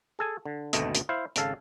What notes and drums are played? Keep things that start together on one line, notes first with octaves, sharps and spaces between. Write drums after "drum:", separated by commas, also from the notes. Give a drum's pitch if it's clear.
G#4 A4 G#5
D3
G#1 D2 B2 A3 D#5, drum: hi-hat
drum: hi-hat
E4 C5 F5
G#1 C#3 A4 F5 A5, drum: hi-hat